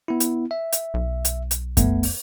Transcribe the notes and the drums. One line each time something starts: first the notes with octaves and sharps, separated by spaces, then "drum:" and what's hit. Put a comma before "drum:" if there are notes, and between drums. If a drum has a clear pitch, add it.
B3 E4
drum: hi-hat
E5
drum: hi-hat
B1
drum: hi-hat
drum: hi-hat
A3 B3, drum: kick F#2, hi-hat
drum: open hi-hat